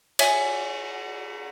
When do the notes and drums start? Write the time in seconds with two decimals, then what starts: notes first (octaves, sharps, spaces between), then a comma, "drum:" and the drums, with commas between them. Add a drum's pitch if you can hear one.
0.19 C#5 E5 G#5, drum: cymbal